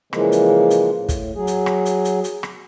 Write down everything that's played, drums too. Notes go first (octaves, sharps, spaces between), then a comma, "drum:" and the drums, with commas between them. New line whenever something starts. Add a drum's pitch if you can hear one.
C#3 E3 F3 G#3 A#3, drum: rim click
drum: hi-hat
drum: hi-hat
A2
drum: kick, hi-hat
F#3 G#4
drum: hi-hat
drum: rim click
drum: hi-hat
drum: hi-hat
drum: hi-hat
drum: rim click